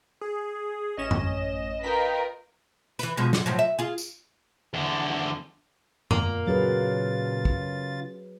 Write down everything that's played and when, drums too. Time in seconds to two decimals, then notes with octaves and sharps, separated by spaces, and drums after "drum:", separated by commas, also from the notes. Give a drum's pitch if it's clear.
0.21 G#4
0.97 A1 C#4 D#5 E7
1.11 drum: tom F#2
1.83 F4 A#4 B4 G5 B6
2.99 E3 B4, drum: hi-hat
3.17 B2 F3 G#3
3.33 G#2, drum: snare
3.46 A2 F3 F#3
3.59 E5
3.79 F4 G#4
3.98 drum: tambourine
4.74 E2 D3
6.11 A#2 A#3, drum: tom F#2
6.47 C#3 F#3 F4 G#4 B4 A6
7.45 drum: kick